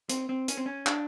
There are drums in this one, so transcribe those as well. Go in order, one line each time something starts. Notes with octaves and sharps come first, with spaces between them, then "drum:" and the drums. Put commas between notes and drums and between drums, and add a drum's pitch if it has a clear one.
C4, drum: hi-hat
C4
C#4, drum: hi-hat
C4
C#4
D4, drum: clap